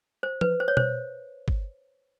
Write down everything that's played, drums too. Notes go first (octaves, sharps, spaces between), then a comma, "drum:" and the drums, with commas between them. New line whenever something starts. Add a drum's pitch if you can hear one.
C5
B4, drum: tom F3
C5
C#5
C5, drum: tom B2
drum: kick